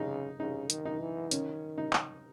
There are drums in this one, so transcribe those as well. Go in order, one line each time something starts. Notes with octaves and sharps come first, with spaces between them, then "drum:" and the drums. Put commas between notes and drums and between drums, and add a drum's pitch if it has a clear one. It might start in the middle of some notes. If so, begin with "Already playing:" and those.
Already playing: C#3 D#4
C#3 D#4
D#3, drum: hi-hat
D#4
E3
D#3 C#4, drum: hi-hat
D#4
drum: clap